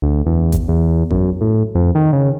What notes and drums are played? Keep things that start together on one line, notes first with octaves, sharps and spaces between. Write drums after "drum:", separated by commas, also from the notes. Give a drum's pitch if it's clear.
D2
E2
drum: kick A1, hi-hat
E2
F#2, drum: kick A1
A2
F2
D#3
C#3